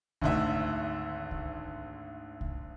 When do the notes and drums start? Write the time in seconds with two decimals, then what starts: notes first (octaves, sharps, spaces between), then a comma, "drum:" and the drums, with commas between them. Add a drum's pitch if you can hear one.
0.21 G#1 D2 E5, drum: kick C2
1.31 drum: kick C2
2.41 drum: kick C2